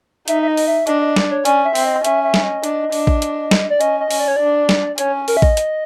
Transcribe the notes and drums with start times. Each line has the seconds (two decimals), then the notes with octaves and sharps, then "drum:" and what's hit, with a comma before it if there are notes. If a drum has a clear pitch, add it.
0.28 D#4 E5, drum: hi-hat
0.42 E5
0.48 D#5
0.57 drum: open hi-hat
0.67 E5
0.87 D4 D#5, drum: hi-hat
1.01 D#5
1.16 D5, drum: snare
1.31 C#5
1.45 C#4 D5, drum: hi-hat
1.65 E5
1.75 C4, drum: open hi-hat
1.85 D#5
2.05 C#4 E5, drum: hi-hat
2.24 E5
2.34 drum: snare
2.44 D#5
2.64 D4, drum: hi-hat
2.92 D4, drum: open hi-hat
3.07 drum: kick A1
3.22 drum: hi-hat
3.51 drum: snare
3.70 D5
3.81 C#4 D#5, drum: hi-hat
4.00 D#5
4.11 C#4, drum: open hi-hat
4.20 D5
4.28 C#5
4.36 D4 D5
4.69 drum: snare
4.98 C#4 C#5, drum: hi-hat
5.28 A#4, drum: open hi-hat
5.37 E5
5.42 D#5, drum: kick A1
5.57 drum: hi-hat